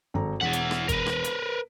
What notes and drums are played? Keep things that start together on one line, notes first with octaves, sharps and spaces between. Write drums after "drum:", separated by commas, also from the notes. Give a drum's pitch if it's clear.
G#1 A4 A#5
E1 E4 F#5 B6
drum: hi-hat
drum: rim click
A#4 B4, drum: kick, hi-hat
drum: rim click
drum: hi-hat